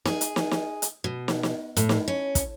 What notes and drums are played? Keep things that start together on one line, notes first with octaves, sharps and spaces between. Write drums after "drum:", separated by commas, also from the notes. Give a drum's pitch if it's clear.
G#4, drum: snare
drum: hi-hat
drum: snare
drum: snare
drum: hi-hat
B2
drum: snare
drum: snare
A2, drum: hi-hat
drum: snare
C#4
drum: kick, hi-hat